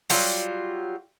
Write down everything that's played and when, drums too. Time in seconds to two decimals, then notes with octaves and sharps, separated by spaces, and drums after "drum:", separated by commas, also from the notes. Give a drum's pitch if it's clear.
0.10 F#3 G3 F4, drum: open hi-hat